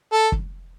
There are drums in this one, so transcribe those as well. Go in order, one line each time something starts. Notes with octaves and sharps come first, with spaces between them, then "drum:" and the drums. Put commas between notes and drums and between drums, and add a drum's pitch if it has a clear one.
A4
drum: kick